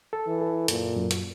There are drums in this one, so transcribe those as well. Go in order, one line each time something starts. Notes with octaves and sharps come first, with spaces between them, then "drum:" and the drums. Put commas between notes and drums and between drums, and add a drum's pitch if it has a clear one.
A4
E3
A4
F#2 A#2, drum: hi-hat
F#2
drum: hi-hat